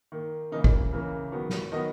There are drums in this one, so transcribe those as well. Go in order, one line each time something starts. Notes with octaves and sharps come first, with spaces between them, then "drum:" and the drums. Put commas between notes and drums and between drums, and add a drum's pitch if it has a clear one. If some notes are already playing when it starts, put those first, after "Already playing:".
D#3 A#3
C#3 E3 A#3 D#4
drum: kick
C#3 E3 A#3
D#3 F#3 B3
drum: snare
D#3 F#3 B3 D#5